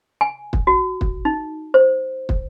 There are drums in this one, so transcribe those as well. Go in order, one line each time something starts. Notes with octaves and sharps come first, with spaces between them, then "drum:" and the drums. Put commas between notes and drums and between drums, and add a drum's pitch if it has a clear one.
G#5
drum: kick
F#4
drum: kick
D#4
C5
drum: kick